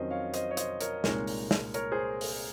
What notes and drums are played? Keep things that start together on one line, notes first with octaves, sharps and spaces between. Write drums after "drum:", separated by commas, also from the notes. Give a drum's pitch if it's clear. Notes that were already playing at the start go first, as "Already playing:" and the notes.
Already playing: F2 D#3 F#3 C#4 C5 D#5
C#5 F5
C5 D#5, drum: hi-hat
C#5
C5 D#5, drum: hi-hat
A#4 C#5, drum: hi-hat
C2 A#2 G#3 D#4 A#4 C#5, drum: snare
drum: open hi-hat
drum: snare
A#4 C#5, drum: hi-hat
G#4 C5
drum: open hi-hat